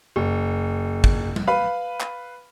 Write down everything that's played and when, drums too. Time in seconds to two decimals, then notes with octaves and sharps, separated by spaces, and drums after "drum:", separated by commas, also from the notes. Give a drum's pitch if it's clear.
0.16 F#1
1.04 drum: kick
1.36 drum: tom G3
1.47 B4 F5 B5
2.00 drum: clap